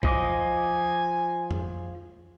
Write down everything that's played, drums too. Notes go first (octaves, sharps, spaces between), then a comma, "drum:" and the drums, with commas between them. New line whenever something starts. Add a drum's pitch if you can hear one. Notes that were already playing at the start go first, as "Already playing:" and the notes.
F3 D#5 G#5 D6, drum: kick
drum: tom F2